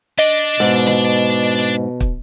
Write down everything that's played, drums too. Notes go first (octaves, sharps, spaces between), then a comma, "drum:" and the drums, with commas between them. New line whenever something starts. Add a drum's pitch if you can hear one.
D4 D5 D#5
G#2 B2
drum: snare
drum: hi-hat
drum: kick